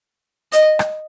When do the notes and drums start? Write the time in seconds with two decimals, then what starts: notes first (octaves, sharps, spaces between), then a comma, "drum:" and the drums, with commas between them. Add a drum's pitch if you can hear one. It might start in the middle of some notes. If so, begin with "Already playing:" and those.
0.52 D#5, drum: hi-hat
0.79 drum: rim click